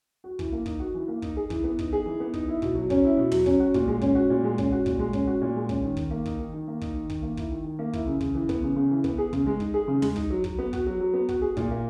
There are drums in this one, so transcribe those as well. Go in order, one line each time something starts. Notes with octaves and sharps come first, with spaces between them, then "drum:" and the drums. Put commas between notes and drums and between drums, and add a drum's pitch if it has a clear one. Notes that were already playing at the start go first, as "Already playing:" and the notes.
F#4
E3, drum: kick
A#3
D#4, drum: kick
F#4
E3
A#3
D#4, drum: kick
G#4
E3, drum: kick
B3
D#4, drum: kick
G#4
E3
B3
D#4, drum: kick
E4
B2, drum: kick
F#3
C#4, drum: kick
E4
B2
F#3, drum: tom
C#4, drum: kick
F#4
A#2, drum: kick
G#3
C#4, drum: kick
F#4
A#2
G#3
C#4, drum: kick
F#4
A#2, drum: kick
G#3
C#4, drum: kick
F#4
A#2
G#3
C#4, drum: kick
D#3
D#3, drum: kick
A#3
D#4, drum: kick
D#3
D#3
A#3
D#4, drum: kick
D#3
D#3, drum: kick
A#3
E4, drum: kick
D#3
D#3
A#3
E4, drum: kick
C#3
C#3, drum: kick
E3
B3, drum: kick
C#3
C#3
E3
B3, drum: kick
G#4
C#3, drum: kick
G#3
D#4, drum: kick
G#4
C#3
G#3, drum: tom
D#4, drum: kick
F#3
F#3, drum: kick
B3
F#4, drum: kick
F#3
F#3
B3
F#4, drum: kick
G#4
A#2, drum: kick
A#3